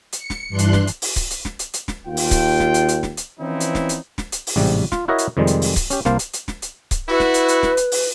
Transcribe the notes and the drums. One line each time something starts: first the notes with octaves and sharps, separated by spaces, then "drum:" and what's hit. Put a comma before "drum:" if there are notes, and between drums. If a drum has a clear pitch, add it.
C#7, drum: hi-hat
drum: snare
G2 E3 D4 C6 F#6
drum: hi-hat
drum: snare
drum: hi-hat
drum: open hi-hat
drum: kick C#1, hi-hat
drum: hi-hat
drum: snare
drum: hi-hat
drum: hi-hat
drum: snare
D#2 F4 G5
drum: open hi-hat
drum: kick C#1, hi-hat
drum: snare
drum: hi-hat
drum: hi-hat
drum: snare
drum: hi-hat
E3 F3 C4 C#4 D#4 E4
drum: hi-hat
drum: snare
drum: hi-hat
drum: snare
drum: hi-hat
drum: open hi-hat
A1 G#2 C3 G3
F4, drum: snare
E4 F#4 A#4 C#5 D#5 E5
drum: hi-hat
F2 C3 D#3 G3 G#3
drum: hi-hat
drum: open hi-hat
drum: kick C#1, hi-hat
C#4 G4, drum: hi-hat
C2 A#3 C5 F5 A5, drum: snare
drum: hi-hat
drum: hi-hat
drum: snare
drum: hi-hat
drum: kick C#1, hi-hat
E4 F#4 B4
drum: snare
drum: hi-hat
drum: hi-hat
drum: snare
drum: hi-hat
drum: open hi-hat